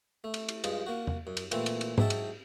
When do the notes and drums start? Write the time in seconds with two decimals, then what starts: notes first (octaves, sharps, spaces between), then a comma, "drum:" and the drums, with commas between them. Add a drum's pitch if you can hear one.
0.24 A3
0.34 drum: cymbal
0.49 drum: cymbal
0.64 G2 F3 G#3, drum: cymbal
0.86 A#3 F#4
1.07 drum: tom E2
1.27 F#2
1.37 drum: cymbal
1.51 A#2 E3 A3 C4, drum: cymbal
1.66 drum: cymbal
1.81 drum: cymbal
1.98 G#2 F#3 E5 G5 A5, drum: tom G#2
2.10 drum: cymbal